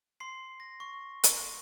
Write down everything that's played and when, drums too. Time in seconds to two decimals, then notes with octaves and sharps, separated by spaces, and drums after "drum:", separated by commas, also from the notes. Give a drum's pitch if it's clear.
0.20 C6 C7
0.60 A#6
0.80 C#6
1.23 drum: hi-hat